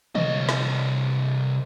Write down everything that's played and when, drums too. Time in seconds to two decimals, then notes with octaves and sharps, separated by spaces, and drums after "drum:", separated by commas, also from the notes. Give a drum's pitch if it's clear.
0.15 C2 D#5, drum: tom D3
0.49 drum: snare